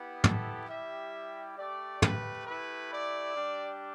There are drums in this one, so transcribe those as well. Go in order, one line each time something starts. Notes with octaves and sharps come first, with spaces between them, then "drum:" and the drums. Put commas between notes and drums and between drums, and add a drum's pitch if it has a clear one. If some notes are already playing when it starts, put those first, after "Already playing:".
Already playing: B3 E4 G4
A4, drum: tom
G3 E4 G4 E5
A3 G4 D5
B4, drum: tom
A3 E4 G4 B4
D5
G3 D4 G4